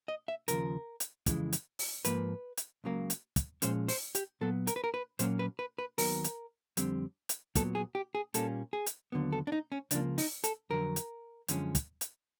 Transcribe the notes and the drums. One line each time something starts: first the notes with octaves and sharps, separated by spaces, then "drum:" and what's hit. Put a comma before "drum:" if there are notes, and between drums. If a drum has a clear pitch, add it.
D#5
E5
D#2 C#3 F3 A#4, drum: hi-hat
drum: hi-hat
F2 C#3 E3 G#3, drum: kick, hi-hat
drum: hi-hat
drum: open hi-hat
G#2 F3 A#3 B4, drum: hi-hat
drum: hi-hat
C#2 C#3 F#3 A#3
drum: hi-hat
drum: kick, hi-hat
A#2 F3 G#3 C#4 C5, drum: hi-hat
C5, drum: open hi-hat
G4, drum: hi-hat
A#2 F#3 B3 A4
A#4, drum: hi-hat
B4
A#4
B4
A#2 F#3 A#3 C#4 C5, drum: hi-hat
B4
B4
B4
D#2 D#3 F#3 B3 A#4, drum: open hi-hat
drum: hi-hat
F2 D3 G3 C4, drum: hi-hat
drum: hi-hat
A#2 F#3 B3 A4, drum: kick, hi-hat
G#4
G4
G#4
A#2 G3 A#3 C#4 A4, drum: hi-hat
G#4
drum: hi-hat
D#2 D3 F#3 B3
A4
D4
D#4
C#4
C#2 C#3 F3 A#3 D4, drum: hi-hat
D#4, drum: open hi-hat
A4, drum: hi-hat
F2 D3 F#3 A#4
drum: hi-hat
F#2 D3 F3 G#3 C#4, drum: hi-hat
drum: kick, hi-hat
drum: hi-hat